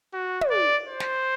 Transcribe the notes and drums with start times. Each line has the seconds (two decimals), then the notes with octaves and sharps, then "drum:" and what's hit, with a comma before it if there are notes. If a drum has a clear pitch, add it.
0.14 F#4
0.41 drum: tom
0.50 D5
0.88 C5
1.00 drum: snare